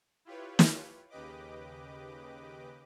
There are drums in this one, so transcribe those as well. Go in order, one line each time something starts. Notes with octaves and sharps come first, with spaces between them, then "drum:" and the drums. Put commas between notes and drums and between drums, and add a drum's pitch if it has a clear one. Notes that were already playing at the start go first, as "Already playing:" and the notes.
E4 F4 G4 B4 C#5
drum: snare
D#2 C#3 G4 B4 D#5 D6